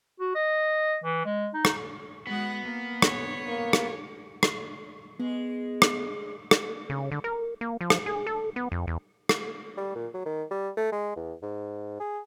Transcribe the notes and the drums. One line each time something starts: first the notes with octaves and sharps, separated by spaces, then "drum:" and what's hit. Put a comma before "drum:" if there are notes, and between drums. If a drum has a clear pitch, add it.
F#4
D#5
E3
G#3
D#4
drum: rim click
G#3 B3 F#4 F#5
A#3
C#5, drum: rim click
A#3
drum: rim click
drum: rim click
G#3 B3
drum: rim click
drum: rim click
C#3
D3
A#4
A#3
F3
drum: rim click
G#4
A4
B3
F2
E2
drum: rim click
G3
A#2
F#3
D#3
G3
A3
G#3
E2
G#2
G#4